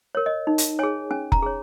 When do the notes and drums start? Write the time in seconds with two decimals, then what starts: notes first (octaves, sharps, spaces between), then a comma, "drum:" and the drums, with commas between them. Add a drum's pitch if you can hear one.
0.15 A#4 C#5
0.26 D#5
0.47 D#4
0.58 drum: hi-hat
0.79 G#4 C#5 G#5
1.11 C#4 G#5
1.32 A#5, drum: kick F1
1.42 G#4 C#5